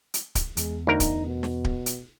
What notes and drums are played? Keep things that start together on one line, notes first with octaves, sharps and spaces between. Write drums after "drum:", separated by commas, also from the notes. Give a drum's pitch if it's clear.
drum: hi-hat
drum: kick D1, hi-hat
E2 G#3, drum: hi-hat
D2 D#4 A#4
drum: kick D1, hi-hat
B2
drum: snare
drum: kick D1
drum: hi-hat